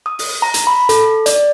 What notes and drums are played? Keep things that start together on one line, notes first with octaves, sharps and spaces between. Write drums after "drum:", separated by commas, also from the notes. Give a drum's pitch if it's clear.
D#6
drum: open hi-hat
A#5
drum: hi-hat
B5
A4, drum: hi-hat
D5, drum: hi-hat